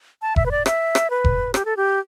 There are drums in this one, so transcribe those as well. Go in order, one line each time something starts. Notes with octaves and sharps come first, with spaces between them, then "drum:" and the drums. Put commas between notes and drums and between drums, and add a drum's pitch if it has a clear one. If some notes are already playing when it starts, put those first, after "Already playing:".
A5
E5, drum: kick F1
B4
D5
E5, drum: rim click
drum: rim click
B4
drum: kick F1
G4, drum: rim click
A4
G4